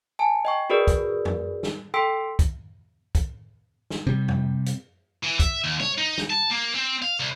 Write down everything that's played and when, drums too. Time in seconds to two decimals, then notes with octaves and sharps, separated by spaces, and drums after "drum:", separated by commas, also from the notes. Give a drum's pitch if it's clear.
0.19 G#5 A5
0.45 D#5 G5 C#6
0.70 F#4 G#4 A#4 B4 D5
0.87 drum: kick, hi-hat
1.25 drum: tom F2
1.63 drum: snare
1.94 A4 G5 C6 E6 B6 D7
2.39 drum: kick, hi-hat
3.15 drum: kick, hi-hat
3.90 drum: snare
4.07 C3 G3
4.28 drum: tom F2
4.66 drum: hi-hat
5.24 E3
5.40 E5, drum: kick, hi-hat
5.64 D#2
5.80 C#5, drum: tom
5.98 D#4
6.18 drum: snare
6.30 A5
6.50 A#3
6.75 C4
7.02 F5
7.20 C2